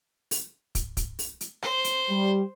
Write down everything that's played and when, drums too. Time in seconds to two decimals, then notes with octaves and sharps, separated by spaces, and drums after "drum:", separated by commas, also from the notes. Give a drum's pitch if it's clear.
0.31 drum: open hi-hat
0.75 drum: kick, hi-hat
0.97 drum: kick, hi-hat
1.19 drum: open hi-hat
1.41 drum: hi-hat
1.62 C5, drum: rim click
1.84 drum: hi-hat
2.10 G3